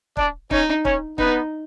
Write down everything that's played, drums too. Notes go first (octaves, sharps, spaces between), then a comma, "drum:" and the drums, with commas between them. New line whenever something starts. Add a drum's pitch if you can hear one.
D4 D5, drum: kick
C#4 D#4 C#5, drum: kick
C#4 C#5, drum: kick
B3 D#4 B4, drum: kick